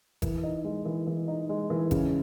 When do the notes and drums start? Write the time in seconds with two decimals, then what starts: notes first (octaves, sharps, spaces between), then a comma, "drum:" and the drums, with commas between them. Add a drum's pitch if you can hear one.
0.22 E3, drum: kick G1, hi-hat
0.43 D#4
0.64 G#3
0.85 E3
1.07 E3
1.28 D#4
1.49 G#3
1.70 E3
1.91 C#3, drum: kick G1, hi-hat